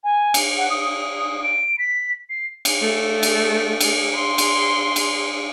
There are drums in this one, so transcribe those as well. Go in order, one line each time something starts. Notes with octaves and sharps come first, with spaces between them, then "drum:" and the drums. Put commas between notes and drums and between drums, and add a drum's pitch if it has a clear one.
G#5
drum: cymbal
F#5
D#6
D#6
D7
B6
C7
drum: cymbal
A3
drum: cymbal
drum: cymbal
C6
drum: cymbal
drum: cymbal